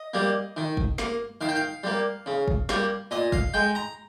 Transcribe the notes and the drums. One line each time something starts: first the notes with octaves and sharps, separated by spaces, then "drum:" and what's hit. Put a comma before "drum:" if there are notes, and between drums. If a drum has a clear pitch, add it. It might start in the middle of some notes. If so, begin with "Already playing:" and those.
Already playing: D#5
G3 A#3
D#3
drum: kick
A#3, drum: snare
D#3 F5
G5
F5
G3 A#3
C#3
drum: kick
G3 A#3, drum: snare
A#2 D#5
F5, drum: kick
G#3 G5
A#5